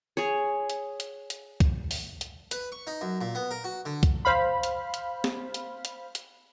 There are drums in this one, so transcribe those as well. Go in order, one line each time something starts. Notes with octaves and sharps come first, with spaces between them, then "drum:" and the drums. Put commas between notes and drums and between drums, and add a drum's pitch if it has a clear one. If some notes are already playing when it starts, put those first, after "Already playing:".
G#4 C#5
drum: hi-hat
drum: hi-hat
drum: hi-hat
drum: kick, hi-hat
drum: open hi-hat
drum: hi-hat
B4, drum: hi-hat
C#6
D#4
F#2
A#2
B3
A#4
F#4
D3
drum: kick, hi-hat
C5 F5 B5
drum: hi-hat
drum: hi-hat
drum: snare
drum: hi-hat
drum: hi-hat
drum: hi-hat